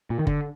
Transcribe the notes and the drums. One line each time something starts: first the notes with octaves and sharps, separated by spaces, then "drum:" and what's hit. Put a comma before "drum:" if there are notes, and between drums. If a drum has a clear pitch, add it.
A#2
D#3
D3, drum: kick F#1